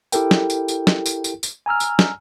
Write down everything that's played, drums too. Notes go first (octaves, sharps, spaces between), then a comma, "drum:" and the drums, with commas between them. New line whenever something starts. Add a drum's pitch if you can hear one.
E4 G4 A4 A#4 G5, drum: tambourine
drum: snare
drum: tambourine
drum: tambourine
drum: snare
drum: tambourine
drum: tambourine
drum: tambourine
G#5 A#5 E6 F6
drum: tambourine
drum: snare